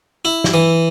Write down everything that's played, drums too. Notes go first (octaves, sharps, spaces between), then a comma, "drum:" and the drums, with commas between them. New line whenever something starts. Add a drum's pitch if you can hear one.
E4
drum: snare
E3